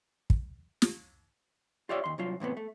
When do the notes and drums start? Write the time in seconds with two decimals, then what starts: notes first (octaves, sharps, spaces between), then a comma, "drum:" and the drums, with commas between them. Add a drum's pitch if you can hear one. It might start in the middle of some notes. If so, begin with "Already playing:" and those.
0.30 drum: kick
0.82 drum: snare
1.89 F4 G4 C#5 D5 E5 F5
2.04 D#2 C6
2.18 C2 F#3 F4
2.40 E2 A2 C3 B3
2.57 A3